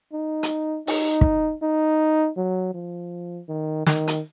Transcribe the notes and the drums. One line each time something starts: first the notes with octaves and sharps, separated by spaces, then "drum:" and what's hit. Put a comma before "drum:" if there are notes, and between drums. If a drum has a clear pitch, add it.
D#4
drum: hi-hat
D#4, drum: open hi-hat
drum: kick
D#4
F#3
F3
D#3
D#3, drum: snare
drum: hi-hat